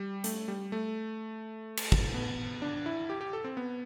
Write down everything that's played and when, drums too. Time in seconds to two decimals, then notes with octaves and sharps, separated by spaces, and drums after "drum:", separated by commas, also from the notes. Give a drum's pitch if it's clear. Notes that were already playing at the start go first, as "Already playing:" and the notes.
Already playing: G3
0.24 A3, drum: hi-hat
0.48 G3
0.72 A3
1.77 drum: cymbal
1.92 drum: kick
2.14 B3
2.62 D4
2.86 E4
3.10 G4
3.21 G4
3.33 A4
3.44 C4
3.57 B3